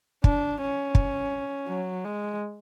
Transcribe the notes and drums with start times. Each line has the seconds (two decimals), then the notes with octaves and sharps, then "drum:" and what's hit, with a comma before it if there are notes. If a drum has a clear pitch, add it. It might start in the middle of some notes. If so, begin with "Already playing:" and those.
0.24 D4, drum: kick
0.60 C#4
0.95 drum: kick
1.68 F#3
2.05 G#3